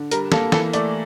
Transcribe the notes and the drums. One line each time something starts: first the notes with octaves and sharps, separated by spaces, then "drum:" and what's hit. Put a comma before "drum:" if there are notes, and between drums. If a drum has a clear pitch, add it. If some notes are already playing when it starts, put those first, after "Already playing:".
Already playing: D3
G3 A#4, drum: hi-hat
A#3 A4, drum: snare
E3 A4, drum: snare
A3 D5, drum: hi-hat